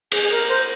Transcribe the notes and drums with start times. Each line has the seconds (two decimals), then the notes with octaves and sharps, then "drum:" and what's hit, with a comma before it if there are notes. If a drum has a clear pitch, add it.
0.12 G#4, drum: cymbal
0.23 G#4
0.31 A#4
0.49 C5